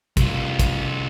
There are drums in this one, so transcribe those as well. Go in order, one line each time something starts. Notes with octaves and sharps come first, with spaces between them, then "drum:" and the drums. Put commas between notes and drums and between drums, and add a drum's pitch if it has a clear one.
C2 F4, drum: kick, hi-hat
drum: kick, hi-hat